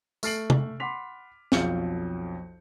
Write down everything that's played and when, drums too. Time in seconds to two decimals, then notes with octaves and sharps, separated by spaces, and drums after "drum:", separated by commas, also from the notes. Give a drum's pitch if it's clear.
0.23 A3 F6 A6 C7 D7 F#7, drum: tambourine
0.50 drum: tom
0.80 F#5 B5 C6 D6 B6 F7
1.52 B1 F2 F3 F5 G6 C#7, drum: snare